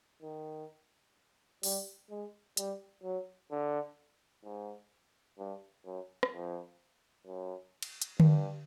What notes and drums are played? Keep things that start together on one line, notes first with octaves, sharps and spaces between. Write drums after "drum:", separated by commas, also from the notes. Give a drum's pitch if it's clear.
D#3
G3, drum: open hi-hat
G#3
G3, drum: hi-hat
F#3
D3
G#2
G2
F#2
drum: rim click
F2
F#2
drum: cymbal
drum: hi-hat
G2, drum: tom D3